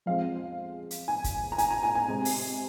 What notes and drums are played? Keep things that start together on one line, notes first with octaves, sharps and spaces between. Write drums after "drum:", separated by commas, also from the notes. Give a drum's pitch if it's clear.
F2 F3 G#3 C4 F5
drum: hi-hat
G#5
drum: kick, hi-hat
A#5
G#5, drum: hi-hat
A#5
G#5
G#5
C3 G#3 C4
drum: open hi-hat